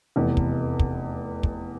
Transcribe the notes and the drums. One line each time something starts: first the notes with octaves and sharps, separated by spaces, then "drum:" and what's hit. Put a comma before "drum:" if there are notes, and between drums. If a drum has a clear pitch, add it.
F1 E2 C3
drum: kick
drum: kick
drum: kick